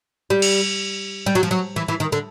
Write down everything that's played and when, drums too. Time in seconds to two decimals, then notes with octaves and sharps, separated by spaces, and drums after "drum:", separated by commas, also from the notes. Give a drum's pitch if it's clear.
0.30 G3
0.42 drum: cymbal
1.26 G3
1.35 F#3
1.43 F3
1.51 F#3
1.76 E3
1.88 E3
2.00 D#3
2.12 D3